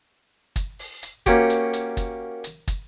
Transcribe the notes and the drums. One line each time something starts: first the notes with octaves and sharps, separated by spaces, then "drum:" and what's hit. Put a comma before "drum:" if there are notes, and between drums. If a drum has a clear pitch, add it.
drum: kick, hi-hat
drum: open hi-hat
drum: hi-hat
A#3 C#4 F#4 G4, drum: kick, hi-hat
drum: hi-hat
drum: hi-hat
drum: kick, hi-hat
drum: hi-hat
drum: kick, hi-hat